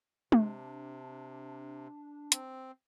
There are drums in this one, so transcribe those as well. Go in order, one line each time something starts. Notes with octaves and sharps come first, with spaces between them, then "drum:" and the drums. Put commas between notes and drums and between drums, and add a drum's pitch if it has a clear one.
C3 D4, drum: tom G#3
C4, drum: hi-hat